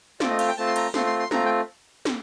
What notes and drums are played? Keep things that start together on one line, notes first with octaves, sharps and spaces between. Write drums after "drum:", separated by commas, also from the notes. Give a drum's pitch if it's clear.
A3 C4 F4 D5, drum: snare
D#5
F5, drum: cymbal
G5
A3 C4 F4 A5
C6
A#5, drum: cymbal
A3 C4 F4 C6, drum: snare
C6
C6
A3 C4 F4 A#5, drum: snare
G5
drum: snare